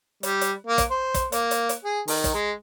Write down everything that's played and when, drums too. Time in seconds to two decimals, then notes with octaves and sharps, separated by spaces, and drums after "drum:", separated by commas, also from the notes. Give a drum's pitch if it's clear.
0.23 G3, drum: hi-hat
0.41 drum: hi-hat
0.67 A#3
0.78 drum: kick, hi-hat
0.90 C5
1.14 drum: kick, hi-hat
1.32 A#3, drum: hi-hat
1.51 drum: hi-hat
1.69 drum: hi-hat
1.84 G#4
2.08 D#3, drum: open hi-hat
2.24 drum: kick, hi-hat
2.34 G#3